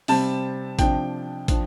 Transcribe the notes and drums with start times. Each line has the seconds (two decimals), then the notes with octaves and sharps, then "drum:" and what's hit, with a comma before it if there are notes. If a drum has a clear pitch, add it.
0.08 C3 G3 C4 A5, drum: open hi-hat
0.79 C3 F3 D4 G5, drum: kick, hi-hat
1.48 F3 D4, drum: kick, hi-hat